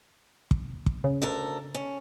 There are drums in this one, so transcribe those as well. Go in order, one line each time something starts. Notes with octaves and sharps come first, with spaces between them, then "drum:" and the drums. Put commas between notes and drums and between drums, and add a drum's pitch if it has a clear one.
drum: kick
drum: kick
C#3
D2 A4 A#4
C#4